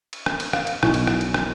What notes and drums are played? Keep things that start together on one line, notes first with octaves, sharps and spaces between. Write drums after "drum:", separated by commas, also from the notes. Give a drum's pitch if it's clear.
drum: cymbal
drum: rim click
drum: cymbal
F5, drum: rim click
drum: cymbal
B1 E4 G#5 C#6, drum: rim click
drum: cymbal
drum: rim click
drum: cymbal
drum: rim click